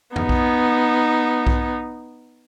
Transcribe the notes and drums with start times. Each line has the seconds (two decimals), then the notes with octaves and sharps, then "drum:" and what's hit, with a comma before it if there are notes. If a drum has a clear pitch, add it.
0.16 B3 D#4, drum: tom F2
0.29 drum: kick B1
1.47 drum: kick B1